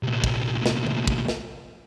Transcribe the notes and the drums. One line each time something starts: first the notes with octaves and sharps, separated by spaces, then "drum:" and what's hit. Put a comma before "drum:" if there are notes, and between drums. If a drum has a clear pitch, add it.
C2 A#2
drum: kick
drum: snare
drum: tom D3
drum: kick
drum: snare